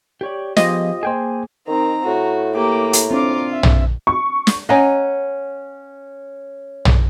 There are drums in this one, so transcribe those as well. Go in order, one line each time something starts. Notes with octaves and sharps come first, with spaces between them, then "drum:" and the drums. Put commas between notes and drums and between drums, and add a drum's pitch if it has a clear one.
G4 C#5 D5
F3 B3 F4 G4 G#4 C5 D#5, drum: snare
A#3 G#4 C5 G5 G#5
D#3 C4 D#4 A#5
A2 F#4
A#3 G4 A#5 D6
drum: hi-hat
C4 D4 F4 F5 A#5 D6
E5
drum: tom
C#6
drum: snare
C#4 D#5 F#5 G#5 A#5
drum: tom